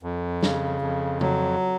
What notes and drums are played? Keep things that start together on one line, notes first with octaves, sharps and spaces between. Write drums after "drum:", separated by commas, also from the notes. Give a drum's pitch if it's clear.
F2
C#3, drum: snare
F2
F#3, drum: tom C#3